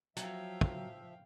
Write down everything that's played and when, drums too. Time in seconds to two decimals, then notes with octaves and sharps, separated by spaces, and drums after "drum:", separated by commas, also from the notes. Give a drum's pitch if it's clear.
0.17 F3 F#3 E5 F5 G5, drum: hi-hat
0.61 drum: kick